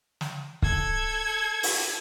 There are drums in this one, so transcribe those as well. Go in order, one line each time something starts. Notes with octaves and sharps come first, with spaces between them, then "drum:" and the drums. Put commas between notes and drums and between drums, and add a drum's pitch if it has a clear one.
drum: snare
A4 G#6, drum: kick
drum: open hi-hat